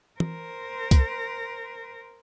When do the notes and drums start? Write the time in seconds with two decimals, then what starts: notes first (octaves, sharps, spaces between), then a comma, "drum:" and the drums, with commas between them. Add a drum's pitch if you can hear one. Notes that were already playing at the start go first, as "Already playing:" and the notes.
0.20 A#4 C5, drum: tom
0.91 drum: kick C2, hi-hat